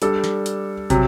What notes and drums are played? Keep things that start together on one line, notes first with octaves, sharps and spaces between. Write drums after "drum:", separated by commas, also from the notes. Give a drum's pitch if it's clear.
G3 D4 A4, drum: hi-hat
drum: snare
drum: hi-hat
C3 F#3, drum: kick, hi-hat